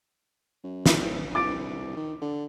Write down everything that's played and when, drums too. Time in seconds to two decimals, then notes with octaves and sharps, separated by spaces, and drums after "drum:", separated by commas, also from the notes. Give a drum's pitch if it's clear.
0.63 F#2
0.86 D1, drum: snare
1.35 C2 D6 A6 D7
1.96 D#3
2.21 D3